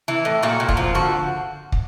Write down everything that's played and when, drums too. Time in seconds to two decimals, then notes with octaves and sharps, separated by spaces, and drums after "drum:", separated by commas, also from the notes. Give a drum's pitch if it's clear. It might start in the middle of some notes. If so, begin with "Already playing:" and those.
0.08 E3
0.25 A2
0.43 A#2 F#4
0.60 A#2
0.69 F4, drum: kick
0.77 F3
0.95 D3 F#4
1.72 drum: kick